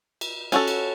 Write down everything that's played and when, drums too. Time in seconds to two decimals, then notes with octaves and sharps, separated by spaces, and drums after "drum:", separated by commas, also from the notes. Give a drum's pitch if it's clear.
0.21 drum: cymbal
0.52 C#4 F#4 A4, drum: cymbal
0.67 drum: cymbal